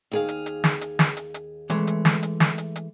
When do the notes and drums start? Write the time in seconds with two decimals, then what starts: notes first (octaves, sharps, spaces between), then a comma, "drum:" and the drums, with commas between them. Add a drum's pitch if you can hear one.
0.12 D#2 G#4 F5
0.28 drum: hi-hat
0.46 drum: hi-hat
0.64 drum: snare
0.81 drum: hi-hat
0.99 drum: snare
1.17 drum: hi-hat
1.34 drum: hi-hat
1.70 E3 G#3 A3, drum: hi-hat
1.87 drum: hi-hat
2.05 drum: snare
2.23 drum: hi-hat
2.40 drum: snare
2.58 drum: hi-hat
2.76 drum: hi-hat